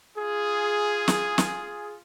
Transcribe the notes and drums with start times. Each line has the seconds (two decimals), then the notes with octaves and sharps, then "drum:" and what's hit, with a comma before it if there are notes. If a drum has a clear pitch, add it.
0.17 F4 G#4
1.08 drum: snare
1.38 drum: snare